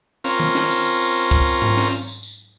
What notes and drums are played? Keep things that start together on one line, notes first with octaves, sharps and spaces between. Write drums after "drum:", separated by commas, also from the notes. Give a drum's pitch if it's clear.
C4 C#4 F4 A#4, drum: tambourine
drum: tom D#3
drum: snare
drum: tambourine
drum: tambourine
drum: tambourine
drum: tambourine
drum: kick, tambourine
drum: tambourine
drum: tom G#2
drum: snare
drum: tambourine
drum: tambourine
drum: tambourine